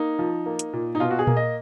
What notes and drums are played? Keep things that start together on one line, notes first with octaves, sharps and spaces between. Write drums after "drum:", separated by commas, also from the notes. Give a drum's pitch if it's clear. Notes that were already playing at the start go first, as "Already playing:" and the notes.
Already playing: A#3 D#4
F3
A#3
drum: hi-hat
A#2
D#4
B2 F4
F#4
G#4
A#3, drum: tom A#2
D#5